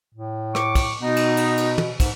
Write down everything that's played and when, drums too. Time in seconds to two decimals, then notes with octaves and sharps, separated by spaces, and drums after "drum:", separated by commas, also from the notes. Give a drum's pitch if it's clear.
0.15 A2
0.55 C#6 D6, drum: rim click
0.75 drum: kick, cymbal
1.01 B2 B3 D#4
1.16 drum: cymbal
1.37 drum: cymbal
1.57 drum: cymbal
1.78 drum: tom
2.00 G#2, drum: kick, cymbal